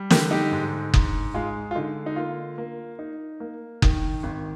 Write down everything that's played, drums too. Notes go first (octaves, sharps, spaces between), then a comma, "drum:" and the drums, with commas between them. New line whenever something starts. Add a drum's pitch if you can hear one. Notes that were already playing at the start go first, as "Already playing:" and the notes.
Already playing: G3
D3 G4 A#4, drum: snare
D#4 G4
G#2
G#2, drum: kick F#1
G#3 F4
F4
D3 D#4
D#4
A#3 F4
A#3
D#4
A#3
D#3, drum: kick F#1
G#1